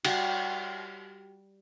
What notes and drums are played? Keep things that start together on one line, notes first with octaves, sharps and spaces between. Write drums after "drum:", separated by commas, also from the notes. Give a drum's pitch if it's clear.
G3 F#4 G4, drum: cymbal